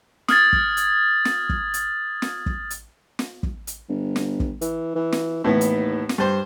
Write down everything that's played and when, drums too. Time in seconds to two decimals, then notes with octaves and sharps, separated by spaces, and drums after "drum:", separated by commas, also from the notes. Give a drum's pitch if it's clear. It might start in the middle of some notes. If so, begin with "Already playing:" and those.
0.28 D#6 F6 G#6 A6, drum: snare
0.53 drum: kick
0.77 drum: hi-hat
1.25 drum: snare
1.49 drum: kick
1.74 drum: hi-hat
2.22 drum: snare
2.46 drum: kick
2.70 drum: hi-hat
3.19 drum: snare
3.43 drum: kick
3.67 drum: hi-hat
3.89 G1
4.16 drum: snare
4.40 drum: kick
4.61 E3, drum: hi-hat
4.95 E3
5.12 drum: snare
5.44 D#2 A2 E3 B3
5.61 drum: hi-hat
6.09 drum: snare
6.18 G2 C5